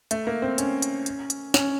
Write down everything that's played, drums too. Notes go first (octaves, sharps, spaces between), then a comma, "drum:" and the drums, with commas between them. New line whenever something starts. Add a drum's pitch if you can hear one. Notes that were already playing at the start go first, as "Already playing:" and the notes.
A3, drum: hi-hat
A#3
C4
C#4, drum: hi-hat
drum: hi-hat
drum: hi-hat
drum: hi-hat
C#4, drum: snare